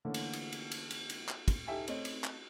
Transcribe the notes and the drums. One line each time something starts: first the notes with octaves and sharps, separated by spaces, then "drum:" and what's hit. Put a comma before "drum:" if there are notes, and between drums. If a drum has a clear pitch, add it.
D3 E3 A3 A#3 C#4
drum: cymbal
drum: cymbal
drum: cymbal
drum: cymbal
drum: cymbal
drum: cymbal
drum: clap
drum: kick, cymbal
D#4 G4 A4 E5 G5 G#5
A3 C4 C#5 D#5, drum: cymbal
drum: cymbal
drum: clap